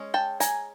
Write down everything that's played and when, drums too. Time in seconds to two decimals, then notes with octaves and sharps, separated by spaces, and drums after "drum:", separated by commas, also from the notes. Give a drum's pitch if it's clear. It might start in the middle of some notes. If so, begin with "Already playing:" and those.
Already playing: G#3 C#4
0.14 G5 A5
0.40 G#5 A#5, drum: hi-hat